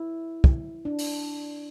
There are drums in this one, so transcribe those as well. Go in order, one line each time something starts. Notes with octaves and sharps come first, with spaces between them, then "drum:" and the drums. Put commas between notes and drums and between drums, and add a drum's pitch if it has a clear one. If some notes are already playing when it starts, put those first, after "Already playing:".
Already playing: E4
drum: kick
D4
drum: open hi-hat